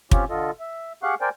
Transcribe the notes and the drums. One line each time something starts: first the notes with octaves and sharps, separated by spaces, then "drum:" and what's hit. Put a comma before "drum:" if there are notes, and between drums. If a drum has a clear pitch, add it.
C4 C#4 F4 G4 C#5, drum: kick
D3 F4 A4 D#5
E5
G4 G#4 F5 F#5 C#6 F#6
A#4 C5 D5 G5 G#5